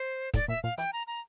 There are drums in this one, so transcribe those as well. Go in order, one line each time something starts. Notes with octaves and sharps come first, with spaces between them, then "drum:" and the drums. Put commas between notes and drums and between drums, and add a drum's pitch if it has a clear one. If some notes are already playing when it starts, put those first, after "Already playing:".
Already playing: C5
A2 D5, drum: kick, hi-hat
A#2 E5
A#2 F5
E3 G5, drum: hi-hat
A#5
A#5